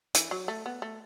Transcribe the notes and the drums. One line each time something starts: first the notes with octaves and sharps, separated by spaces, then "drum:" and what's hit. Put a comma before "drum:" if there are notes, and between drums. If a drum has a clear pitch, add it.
E3, drum: hi-hat
F#3
A3
B3
A3